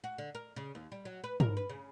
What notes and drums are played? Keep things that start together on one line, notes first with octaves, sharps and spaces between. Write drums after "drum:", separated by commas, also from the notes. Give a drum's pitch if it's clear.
F#4
D3
A#4
C#3
D#2
G3
F#3
B4
A#4, drum: tom
B4
C#3